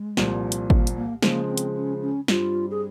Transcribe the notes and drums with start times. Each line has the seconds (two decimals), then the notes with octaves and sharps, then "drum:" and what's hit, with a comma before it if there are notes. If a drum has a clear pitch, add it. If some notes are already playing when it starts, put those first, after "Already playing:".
Already playing: G#3
0.17 C2 A#2 F3, drum: snare
0.52 drum: hi-hat
0.70 A#3, drum: kick G#1
0.87 drum: hi-hat
0.96 A#3
1.22 C#3 F3 G#3 A#3, drum: snare
1.48 C4
1.58 drum: hi-hat
1.75 C#4
2.02 C#4
2.28 G2 G3 C4 F4, drum: snare
2.71 G#4